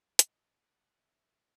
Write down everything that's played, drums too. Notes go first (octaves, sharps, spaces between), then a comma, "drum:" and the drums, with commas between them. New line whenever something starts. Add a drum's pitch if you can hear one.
D#5, drum: hi-hat
F#5
E5